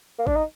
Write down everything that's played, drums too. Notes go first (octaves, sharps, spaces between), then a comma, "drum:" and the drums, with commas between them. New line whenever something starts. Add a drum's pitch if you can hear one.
A#3
D4, drum: kick
D#4